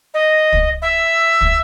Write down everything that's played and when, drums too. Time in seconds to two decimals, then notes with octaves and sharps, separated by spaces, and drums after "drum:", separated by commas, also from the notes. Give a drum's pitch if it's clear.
0.14 D#5
0.52 drum: kick
0.82 E5
1.41 drum: kick